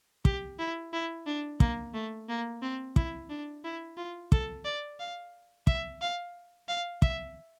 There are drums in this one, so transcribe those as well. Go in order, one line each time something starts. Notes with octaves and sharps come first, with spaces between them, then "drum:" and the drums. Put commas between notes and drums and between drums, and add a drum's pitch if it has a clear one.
G4, drum: kick
E4
E4
D4
A#3, drum: kick
A3
A#3
C4
E4, drum: kick
D4
E4
F4
A4, drum: kick
D5
F5
E5, drum: kick
F5
F5
E5, drum: kick